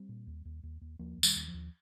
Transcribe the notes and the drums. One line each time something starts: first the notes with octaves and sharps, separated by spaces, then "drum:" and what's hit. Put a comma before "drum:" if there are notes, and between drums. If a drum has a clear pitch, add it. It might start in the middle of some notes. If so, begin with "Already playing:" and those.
Already playing: G3 C4
A#2
D#2
D#2
D#2
D#2
D#2 F3 A#3
D#2
D#3 G3, drum: tambourine
D#2
F3
D#2